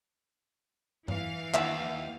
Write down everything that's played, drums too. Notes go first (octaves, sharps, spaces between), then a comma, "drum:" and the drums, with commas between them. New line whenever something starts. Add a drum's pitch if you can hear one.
E3 F5, drum: tom G2
D#2 E5 F#5, drum: clap